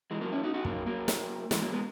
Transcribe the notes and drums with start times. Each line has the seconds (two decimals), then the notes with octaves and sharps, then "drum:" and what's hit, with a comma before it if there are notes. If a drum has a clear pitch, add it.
0.11 E3 G#3
0.21 F#3 A#3
0.32 C#4 E4
0.43 D#4 F#4
0.54 D#4 F#4
0.65 F#3 A#3, drum: kick
0.86 F#3 A#3
1.08 drum: snare
1.51 E3 G#3, drum: snare
1.62 F#3 A#3
1.73 G#3 B3